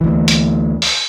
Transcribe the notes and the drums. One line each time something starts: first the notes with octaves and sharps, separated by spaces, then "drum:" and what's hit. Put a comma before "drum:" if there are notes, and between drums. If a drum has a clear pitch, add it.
D2 E3
drum: hi-hat
drum: open hi-hat